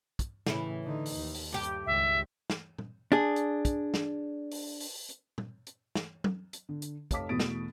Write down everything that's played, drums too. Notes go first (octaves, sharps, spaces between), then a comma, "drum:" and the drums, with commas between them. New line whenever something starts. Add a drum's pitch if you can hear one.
drum: kick, hi-hat
A2 C#3 E3 E4, drum: snare
D3 D#4
drum: open hi-hat
D#2
drum: open hi-hat
G2 G4
drum: hi-hat
C#2 D#3 E5
drum: snare
drum: tom
D4 G#4
drum: hi-hat
drum: kick, hi-hat
drum: snare
drum: open hi-hat
drum: open hi-hat
drum: hi-hat
drum: tom
drum: hi-hat
drum: snare
drum: tom F#3
drum: hi-hat
D3
drum: hi-hat
F1 C#5 F5 A5 D6 B6, drum: kick, hi-hat
E2 B2 A3 D#6 A6 D7
drum: snare